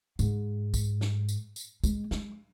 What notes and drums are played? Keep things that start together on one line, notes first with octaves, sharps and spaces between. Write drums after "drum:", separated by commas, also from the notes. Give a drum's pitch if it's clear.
G#2, drum: tambourine
drum: kick, tambourine
drum: snare
drum: tambourine
drum: tambourine
G#3, drum: kick, tambourine
G#3, drum: snare